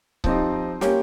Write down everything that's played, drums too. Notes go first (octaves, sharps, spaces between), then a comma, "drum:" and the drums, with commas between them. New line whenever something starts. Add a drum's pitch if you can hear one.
F3 C4 D#4 G4, drum: kick C#1
G3 A#3 C#4 G4, drum: snare